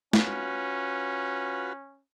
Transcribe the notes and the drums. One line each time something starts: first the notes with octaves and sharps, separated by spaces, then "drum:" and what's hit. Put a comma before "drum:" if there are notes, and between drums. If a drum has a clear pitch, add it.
C#4 F4 F#4 B4, drum: snare